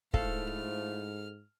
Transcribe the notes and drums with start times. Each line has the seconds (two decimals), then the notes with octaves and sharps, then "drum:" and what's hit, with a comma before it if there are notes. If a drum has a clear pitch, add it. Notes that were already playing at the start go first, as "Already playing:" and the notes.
0.14 G#2 F3 A3 E4 A4 F5 F6, drum: kick